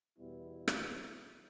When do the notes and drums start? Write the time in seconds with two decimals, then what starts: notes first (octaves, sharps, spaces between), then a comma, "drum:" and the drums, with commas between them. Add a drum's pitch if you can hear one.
0.18 E2 B2 G3 B3 E4
0.68 drum: rim click